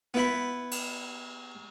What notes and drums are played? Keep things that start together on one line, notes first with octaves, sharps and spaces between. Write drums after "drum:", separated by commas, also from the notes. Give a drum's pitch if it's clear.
B3 E4 B5
drum: cymbal